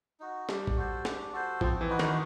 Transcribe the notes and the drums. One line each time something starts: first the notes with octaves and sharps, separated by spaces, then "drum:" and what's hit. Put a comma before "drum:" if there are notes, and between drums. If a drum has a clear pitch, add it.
D#4 F#4
G3 D4, drum: snare
drum: kick A1
F#4 A4 C5
D4, drum: snare
F#4 A4 C5
F3 C4, drum: kick A1
E3
D#4 F#4 B4
D#3, drum: snare